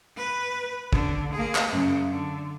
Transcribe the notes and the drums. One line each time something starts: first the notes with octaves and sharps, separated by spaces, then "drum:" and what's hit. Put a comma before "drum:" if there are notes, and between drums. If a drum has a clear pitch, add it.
B4
D3, drum: kick
A#3 G#4
drum: clap
F#2 C#3
D3